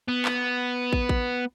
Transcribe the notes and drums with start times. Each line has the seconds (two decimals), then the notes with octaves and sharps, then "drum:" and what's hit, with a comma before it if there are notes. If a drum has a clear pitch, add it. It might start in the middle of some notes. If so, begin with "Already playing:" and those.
0.09 B3
0.25 drum: clap
0.93 drum: kick
1.09 drum: kick